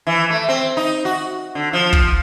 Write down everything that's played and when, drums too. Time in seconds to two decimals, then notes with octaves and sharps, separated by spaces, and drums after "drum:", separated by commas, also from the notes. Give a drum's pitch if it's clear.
0.07 E3
0.30 A3
0.49 C4
0.77 D#4
1.05 F#4
1.55 D3
1.73 F3
1.93 drum: kick